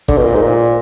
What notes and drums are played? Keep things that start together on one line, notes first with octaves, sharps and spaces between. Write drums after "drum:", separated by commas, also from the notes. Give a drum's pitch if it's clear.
D3, drum: kick G#1
B2
A#2
G#2
A#2